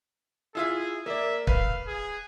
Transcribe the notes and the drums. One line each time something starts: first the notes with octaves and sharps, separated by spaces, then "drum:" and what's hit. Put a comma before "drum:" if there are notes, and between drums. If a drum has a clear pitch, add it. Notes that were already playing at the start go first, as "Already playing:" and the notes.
E4 F4 G#4 E5
A#3 D5 E5
B4 F5, drum: kick
G#4